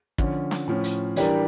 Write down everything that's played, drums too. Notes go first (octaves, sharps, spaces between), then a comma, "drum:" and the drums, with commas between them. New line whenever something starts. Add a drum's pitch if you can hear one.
D3 F3 C#4, drum: kick
drum: snare
A2 F3 C#4
drum: hi-hat
E3 G3 D4 G4 A#4, drum: hi-hat